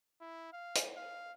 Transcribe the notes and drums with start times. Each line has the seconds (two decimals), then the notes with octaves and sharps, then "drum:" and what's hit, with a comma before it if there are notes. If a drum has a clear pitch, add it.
0.21 E4
0.53 F5
0.75 drum: hi-hat
0.97 F5